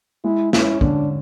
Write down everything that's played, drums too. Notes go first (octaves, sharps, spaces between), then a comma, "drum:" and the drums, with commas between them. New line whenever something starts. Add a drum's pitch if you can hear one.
G#3 E4
C#4 E4, drum: snare
D3 D4, drum: kick